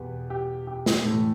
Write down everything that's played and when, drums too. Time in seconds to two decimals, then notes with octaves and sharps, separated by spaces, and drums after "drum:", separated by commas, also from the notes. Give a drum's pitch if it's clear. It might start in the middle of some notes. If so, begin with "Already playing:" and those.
Already playing: E2 B2 B3 G4
0.30 G4
0.67 G4
0.86 drum: snare
1.05 A2 E3 A3